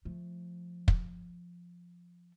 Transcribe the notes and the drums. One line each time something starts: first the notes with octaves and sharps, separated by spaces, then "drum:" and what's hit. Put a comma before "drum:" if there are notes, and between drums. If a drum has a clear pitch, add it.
F3 A3
drum: kick